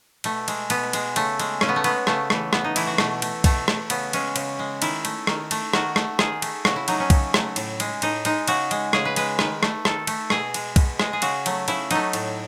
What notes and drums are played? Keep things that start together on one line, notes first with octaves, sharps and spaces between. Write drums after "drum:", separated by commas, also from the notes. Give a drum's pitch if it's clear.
B2 A3, drum: cymbal
G#3, drum: cymbal
B2 B3, drum: cymbal
G#3, drum: cymbal
C#3 A3, drum: cymbal
G#3, drum: cymbal
C#3 C#4, drum: rim click
B3
A3
G#3 B3, drum: cymbal
C#3 A3, drum: rim click
E3 A3, drum: rim click
C#3 B3, drum: rim click
D#4
E3 A3 E4, drum: cymbal
F#4
B2 A3, drum: rim click
A3, drum: cymbal
B2 A3, drum: kick B1, cymbal
A3, drum: rim click
C#3 B3, drum: cymbal
G#3 C#4, drum: cymbal
C#3, drum: cymbal
G#3
D#3 E4, drum: cymbal
A3, drum: cymbal
D#3, drum: rim click
A3, drum: cymbal
D#3 F#4, drum: rim click
A3, drum: rim click
D#3 G#4, drum: rim click
A3, drum: cymbal
C#3 F#4, drum: rim click
E4
F#3 A3 D#4, drum: cymbal
C#4
C#3, drum: kick B1, cymbal
F#3 A3, drum: rim click
A2, drum: cymbal
G#3, drum: cymbal
A2 D#4, drum: cymbal
G#3 D#4, drum: cymbal
C#3 F#4, drum: cymbal
G#3, drum: cymbal
C#3 G#4, drum: rim click
B4
G#3 B4, drum: cymbal
D#3 B4, drum: rim click
A3, drum: rim click
D#3 A4, drum: rim click
A3, drum: cymbal
B2 G#4, drum: rim click
G#3, drum: cymbal
B2, drum: kick B1, cymbal
G#3, drum: rim click
G#4
C#3 F#4, drum: cymbal
F#3 A3, drum: cymbal
C#3 E4, drum: cymbal
F#3 A3 D#4, drum: cymbal
A2, drum: cymbal